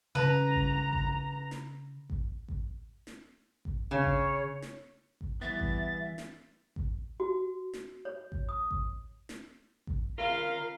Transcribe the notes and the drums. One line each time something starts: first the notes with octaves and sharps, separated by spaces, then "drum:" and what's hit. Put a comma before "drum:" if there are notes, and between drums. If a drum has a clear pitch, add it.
C#3 B4 A#5
drum: kick A1
drum: kick A1
drum: snare
drum: kick A1
drum: kick A1
drum: snare
drum: kick A1
C#3 C#5
drum: kick A1
drum: snare
drum: kick A1
E3 G3 B3 E5 A6
drum: kick A1
drum: snare
drum: kick A1
F#4
drum: snare
C#5
drum: kick A1
D#6
drum: kick A1
drum: snare
drum: kick A1
F4 A#4 F5 B5